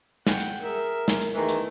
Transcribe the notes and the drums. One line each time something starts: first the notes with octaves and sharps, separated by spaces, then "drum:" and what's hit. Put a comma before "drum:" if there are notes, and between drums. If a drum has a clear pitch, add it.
F#5 G5, drum: snare
drum: hi-hat
G#4 A#4 E5
drum: snare
drum: hi-hat
E2 D#3 E3 A3
drum: hi-hat